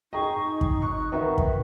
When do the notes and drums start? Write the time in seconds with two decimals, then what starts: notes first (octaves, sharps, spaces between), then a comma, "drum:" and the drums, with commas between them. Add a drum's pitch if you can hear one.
0.13 D#4 G#4 D#5 G5 A#5 C#6
0.61 drum: kick
0.82 C#6 F#6
1.12 D#3 F#4 A#4 B4 E5 C#6
1.38 drum: kick